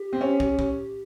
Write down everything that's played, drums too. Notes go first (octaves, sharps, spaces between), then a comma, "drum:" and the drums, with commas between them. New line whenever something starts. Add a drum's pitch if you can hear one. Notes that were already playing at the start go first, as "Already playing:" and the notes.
Already playing: G4
C4
C#4
drum: kick
drum: kick